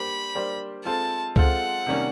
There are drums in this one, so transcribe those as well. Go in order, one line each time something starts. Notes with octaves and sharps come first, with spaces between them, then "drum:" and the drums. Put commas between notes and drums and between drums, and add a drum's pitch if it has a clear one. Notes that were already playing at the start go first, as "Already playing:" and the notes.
Already playing: G3 A#3 D4 G4 C5 B5
G3 A#3 D4 G4 C5
G#3 C4 F4 A4 C5 A5
G#3 C4 F4 A4 C5 F#5, drum: kick C#2
C3 D#3 G3 A#3 C#4